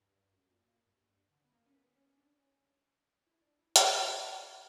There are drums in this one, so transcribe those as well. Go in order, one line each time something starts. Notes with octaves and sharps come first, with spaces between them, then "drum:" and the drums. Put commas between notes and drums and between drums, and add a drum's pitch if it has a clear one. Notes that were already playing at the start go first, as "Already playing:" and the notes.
G2
G2
F#2
A#2
A#2
G2
G2
D3
B3
A#3
C#4
B3
C#4
D4
C#4
E4
D4
E4
D4, drum: hi-hat
E4
D4
D4